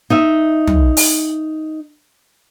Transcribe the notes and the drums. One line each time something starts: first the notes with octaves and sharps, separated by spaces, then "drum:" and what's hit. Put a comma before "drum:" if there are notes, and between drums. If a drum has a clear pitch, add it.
D#4 D#5 E5
drum: tom
drum: open hi-hat